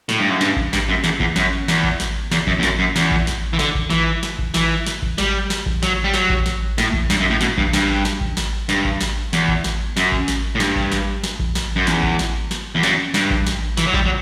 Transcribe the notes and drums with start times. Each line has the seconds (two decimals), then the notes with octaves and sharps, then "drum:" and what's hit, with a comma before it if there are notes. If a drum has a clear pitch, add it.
0.09 A2, drum: snare
0.20 G2
0.30 F#2
0.41 G2, drum: snare
0.56 drum: kick A1
0.73 G2, drum: snare
0.89 F#2
1.04 E2, drum: snare
1.20 E2, drum: kick A1
1.36 F#2, drum: snare
1.68 E2, drum: snare
1.84 drum: kick A1
2.00 drum: snare
2.32 E2, drum: snare
2.47 F#2, drum: kick A1
2.59 E2
2.63 F#2, drum: snare
2.79 F#2
2.96 E2, drum: snare
3.11 drum: kick A1
3.27 drum: snare
3.53 E3
3.59 D3, drum: snare
3.75 drum: kick A1
3.90 E3, drum: snare
4.23 drum: snare
4.39 drum: kick A1
4.54 E3, drum: snare
4.86 drum: snare
5.02 drum: kick A1
5.18 G3, drum: snare
5.50 drum: snare
5.66 drum: kick A1
5.83 F#3, drum: snare
6.04 G3
6.14 F#3, drum: snare
6.30 drum: kick A1
6.46 drum: snare
6.78 A2, drum: snare
6.94 drum: kick A1
7.10 G2, drum: snare
7.20 F#2
7.30 A2
7.41 B2, drum: snare
7.58 G2, drum: kick A1
7.73 G2, drum: snare
8.05 drum: snare
8.21 drum: kick A1
8.37 drum: snare
8.69 G2, drum: snare
8.85 drum: kick A1
9.01 drum: snare
9.33 E2, drum: snare
9.48 drum: kick A1
9.64 drum: snare
9.97 F#2, drum: snare
10.12 drum: kick A1
10.28 drum: snare
10.55 A2
10.60 G2, drum: snare
10.76 drum: kick A1
10.92 drum: snare
11.24 drum: snare
11.39 drum: kick A1
11.55 drum: snare
11.76 F#2
11.87 E2, drum: snare
12.03 drum: kick A1
12.19 drum: snare
12.51 drum: snare
12.75 E2
12.83 F#2, drum: snare
13.14 G2, drum: snare
13.31 drum: kick A1
13.46 drum: snare
13.77 E3, drum: snare
13.87 F#3
13.94 G3, drum: kick A1
14.06 F#3